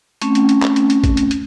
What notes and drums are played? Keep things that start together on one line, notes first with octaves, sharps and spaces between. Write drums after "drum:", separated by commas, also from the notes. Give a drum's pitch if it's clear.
A3 C4 C#4, drum: hi-hat
drum: hi-hat
drum: hi-hat
drum: clap
drum: hi-hat
drum: hi-hat
drum: kick G#1, hi-hat
drum: hi-hat
drum: hi-hat